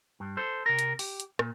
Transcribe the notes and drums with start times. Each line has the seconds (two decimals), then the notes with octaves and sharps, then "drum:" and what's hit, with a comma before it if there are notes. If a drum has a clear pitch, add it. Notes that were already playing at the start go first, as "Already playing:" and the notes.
0.20 G2
0.37 A4 C5
0.66 C3 A#4
0.79 drum: hi-hat
0.99 G4, drum: open hi-hat
1.20 drum: hi-hat
1.39 A#2, drum: rim click